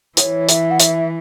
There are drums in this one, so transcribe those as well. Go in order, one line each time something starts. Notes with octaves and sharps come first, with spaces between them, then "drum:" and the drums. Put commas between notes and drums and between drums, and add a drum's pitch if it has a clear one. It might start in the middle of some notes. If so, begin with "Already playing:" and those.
E3 C#5, drum: hi-hat
E5, drum: hi-hat
F#5
E5, drum: hi-hat